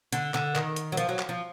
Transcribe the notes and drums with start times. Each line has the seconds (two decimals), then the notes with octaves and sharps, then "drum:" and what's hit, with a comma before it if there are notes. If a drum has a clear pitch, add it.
0.13 D3, drum: hi-hat
0.34 D3, drum: clap
0.55 D#3, drum: clap
0.76 drum: hi-hat
0.92 F#3
0.97 F3, drum: hi-hat
1.09 F#3
1.19 drum: clap
1.29 F3